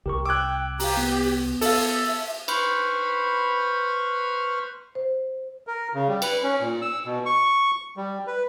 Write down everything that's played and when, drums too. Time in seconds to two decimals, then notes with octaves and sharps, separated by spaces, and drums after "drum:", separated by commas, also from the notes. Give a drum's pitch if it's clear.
0.06 C2 G4 A#4 C#6
0.26 G5 D6 E6 F#6 G#6
0.80 G4 F5 A#5, drum: open hi-hat
0.97 B3
1.61 A4 E5 F5, drum: open hi-hat
2.48 B4 C5 B5 C#6 F6, drum: cymbal
4.95 C5
5.67 A#4
5.94 C#3
6.08 G3
6.22 B4, drum: cymbal
6.43 C#4
6.61 A#2
6.82 E6
7.06 B2
7.26 C#6
7.97 G3
8.27 B4